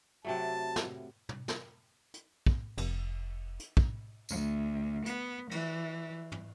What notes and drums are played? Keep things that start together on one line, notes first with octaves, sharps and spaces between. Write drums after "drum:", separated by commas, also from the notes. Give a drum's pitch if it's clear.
C3 F#3 A3 A5
drum: snare
drum: tom
drum: snare
drum: hi-hat
drum: kick
F1, drum: cymbal
drum: hi-hat
drum: kick
D2, drum: tambourine
B3, drum: hi-hat
E3, drum: cymbal
drum: tom